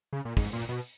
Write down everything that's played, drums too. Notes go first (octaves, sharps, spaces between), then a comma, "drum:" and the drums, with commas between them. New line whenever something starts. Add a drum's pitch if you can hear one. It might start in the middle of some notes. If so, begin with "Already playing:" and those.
C#3
A#2
G#2, drum: kick, open hi-hat
A#2
B2